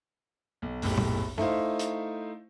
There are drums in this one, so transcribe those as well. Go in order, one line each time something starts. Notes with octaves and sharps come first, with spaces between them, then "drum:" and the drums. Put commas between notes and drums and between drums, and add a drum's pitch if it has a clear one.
B1
F#1 B1 A2 G4, drum: open hi-hat
drum: tom
A3 D#4 E4 C5 F5, drum: tom G2
drum: hi-hat